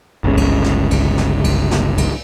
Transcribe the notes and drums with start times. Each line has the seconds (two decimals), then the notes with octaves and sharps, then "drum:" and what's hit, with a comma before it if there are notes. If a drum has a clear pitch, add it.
0.24 G1 C#2 C#3
0.37 drum: kick C2, cymbal
0.64 drum: snare
0.91 drum: kick C2, cymbal
1.18 drum: snare
1.44 drum: kick C2, cymbal
1.71 drum: snare
1.98 drum: kick C2, cymbal